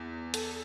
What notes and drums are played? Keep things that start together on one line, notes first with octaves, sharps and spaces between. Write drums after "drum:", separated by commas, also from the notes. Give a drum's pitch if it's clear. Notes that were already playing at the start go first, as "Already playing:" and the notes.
Already playing: E2
A4, drum: hi-hat